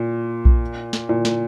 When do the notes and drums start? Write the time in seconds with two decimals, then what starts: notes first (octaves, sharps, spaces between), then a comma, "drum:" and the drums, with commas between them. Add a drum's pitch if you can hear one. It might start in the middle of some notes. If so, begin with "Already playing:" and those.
Already playing: A#2
0.45 drum: kick A#1
0.93 drum: snare
1.09 A#2
1.25 drum: snare